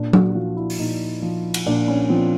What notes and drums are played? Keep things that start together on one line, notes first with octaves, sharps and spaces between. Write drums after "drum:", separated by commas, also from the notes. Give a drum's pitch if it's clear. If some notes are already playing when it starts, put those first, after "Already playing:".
Already playing: A#2 D4
F#4, drum: tom F#3
F#4
F3 F4
E4
drum: open hi-hat
A#2 D#4
F3
drum: cymbal
A#2 D4
C#4
F3 C4